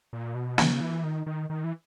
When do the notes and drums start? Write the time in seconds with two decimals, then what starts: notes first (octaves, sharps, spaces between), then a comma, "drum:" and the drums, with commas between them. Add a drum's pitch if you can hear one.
0.13 A#2
0.35 B2
0.58 C#3, drum: snare
0.81 E3
1.04 D#3
1.26 D#3
1.50 D#3
1.64 E3